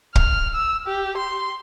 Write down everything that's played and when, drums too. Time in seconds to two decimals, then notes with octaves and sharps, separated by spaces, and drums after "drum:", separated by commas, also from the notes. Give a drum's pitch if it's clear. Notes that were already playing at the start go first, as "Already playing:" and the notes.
0.15 F6, drum: kick
0.54 E6
0.87 G4
1.18 C6